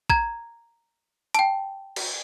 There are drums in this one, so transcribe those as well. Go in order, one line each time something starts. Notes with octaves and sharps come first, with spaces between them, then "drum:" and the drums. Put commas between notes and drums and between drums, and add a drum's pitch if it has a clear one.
A#5 G#6, drum: kick A1
G5 A5, drum: hi-hat
drum: cymbal